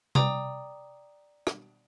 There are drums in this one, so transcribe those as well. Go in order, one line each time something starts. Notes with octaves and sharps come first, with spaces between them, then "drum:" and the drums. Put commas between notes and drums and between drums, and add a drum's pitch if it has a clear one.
D5 G5 A#5 D6 D#6, drum: tom C3
drum: rim click